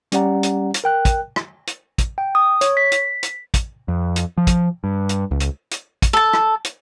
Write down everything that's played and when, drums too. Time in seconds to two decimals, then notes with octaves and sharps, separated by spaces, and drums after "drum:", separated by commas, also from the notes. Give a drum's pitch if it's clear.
0.12 G3 C#4 G4 D5 F#5 A#5, drum: hi-hat
0.43 drum: hi-hat
0.74 drum: hi-hat
0.84 A#4 G5 F#6
1.05 drum: kick, hi-hat
1.36 drum: rim click
1.67 drum: hi-hat
1.98 drum: kick, hi-hat
2.18 G5
2.35 D#6
2.61 C#5, drum: hi-hat
2.77 B6
2.92 drum: hi-hat
3.23 drum: hi-hat
3.54 drum: kick, hi-hat
3.88 F2
4.16 drum: hi-hat
4.38 F3
4.47 drum: kick, hi-hat
4.84 G2
5.09 drum: hi-hat
5.31 C#2
5.40 drum: hi-hat
5.71 drum: hi-hat
6.02 drum: kick, hi-hat
6.13 A4 A5
6.33 drum: rim click
6.65 drum: hi-hat